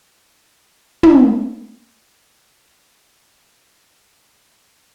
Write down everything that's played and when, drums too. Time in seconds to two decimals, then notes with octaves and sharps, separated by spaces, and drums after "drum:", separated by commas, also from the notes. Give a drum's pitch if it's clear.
0.23 D3 F3 G4 B5
1.03 drum: tom
3.08 A4
3.28 G5
4.34 C5